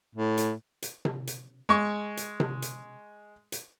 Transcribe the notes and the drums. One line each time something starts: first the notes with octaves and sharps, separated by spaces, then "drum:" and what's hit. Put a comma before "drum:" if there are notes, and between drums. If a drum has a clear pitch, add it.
A2
drum: hi-hat
drum: hi-hat
drum: tom C3
drum: hi-hat
G#3 C#6
drum: hi-hat
drum: tom C3
drum: hi-hat
drum: hi-hat